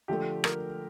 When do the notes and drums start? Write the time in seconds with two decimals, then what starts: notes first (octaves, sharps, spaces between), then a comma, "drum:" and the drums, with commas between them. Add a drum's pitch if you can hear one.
0.08 D3 F3 A3 G4
0.44 A#4, drum: rim click